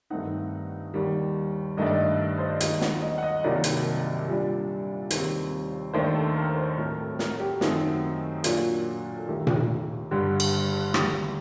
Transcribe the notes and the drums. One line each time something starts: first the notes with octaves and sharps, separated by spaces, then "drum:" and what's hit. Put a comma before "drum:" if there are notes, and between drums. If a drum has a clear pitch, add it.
G2 D#3 A3 C4 D#4 F#5
D#2 D#3 G3
G2 D#3 A3 D4 D#5
D5
D#5
C5
D5
D#2 D#3 F#3 A3 D#4 D#5, drum: hi-hat
F#5, drum: snare
D#5
F#5
D#5
C2 C3 D#3 F#3 A#3 D5
drum: hi-hat
A#2 G3 D4
D#2 D#3 G3 C4, drum: hi-hat
D#2 D#3 A3 D4 C5
A4
A#4
C5
A2 F#3 A3 C4 A#4
A4
A#4, drum: snare
F#4
G4
F#2 D#3 A3 C4 D#4 F#4, drum: snare
A#2 F#3 A#3 D4, drum: hi-hat
A4
D#2 D#3 A3 G4
drum: tom A#2
G2 D3 G3
drum: cymbal
F#4
D#2 D3 A3 G4, drum: rim click